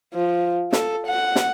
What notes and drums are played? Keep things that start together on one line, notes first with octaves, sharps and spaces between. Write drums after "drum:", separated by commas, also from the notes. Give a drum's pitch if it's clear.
F3
A4, drum: snare
F#5
drum: snare